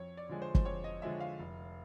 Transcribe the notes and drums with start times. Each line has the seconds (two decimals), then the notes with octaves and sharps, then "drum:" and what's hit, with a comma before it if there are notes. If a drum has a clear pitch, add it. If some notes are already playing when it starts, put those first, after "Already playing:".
Already playing: F2 C#5
0.17 D5
0.29 D3 F3 G#3
0.42 C5
0.55 C5, drum: kick
0.65 F2 C#5
0.84 D#5
1.02 D3 F3 G#3 E5
1.20 F5
1.40 F1